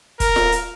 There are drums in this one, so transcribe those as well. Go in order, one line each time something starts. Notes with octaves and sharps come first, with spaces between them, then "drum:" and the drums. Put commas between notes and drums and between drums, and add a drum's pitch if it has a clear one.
A#4, drum: kick, hi-hat
drum: snare F4
drum: hi-hat